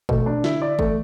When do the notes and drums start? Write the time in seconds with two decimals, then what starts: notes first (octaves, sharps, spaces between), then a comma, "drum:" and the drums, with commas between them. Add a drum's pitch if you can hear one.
0.09 B2 A3, drum: kick
0.26 D4
0.44 D3 E4, drum: snare
0.62 D5
0.79 E3 A3, drum: kick